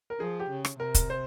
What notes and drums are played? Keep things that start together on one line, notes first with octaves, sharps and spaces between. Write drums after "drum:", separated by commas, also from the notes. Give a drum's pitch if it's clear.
A#4
F3 G#4
G4
C#3
drum: rim click
C3 A#4
drum: kick, hi-hat
C5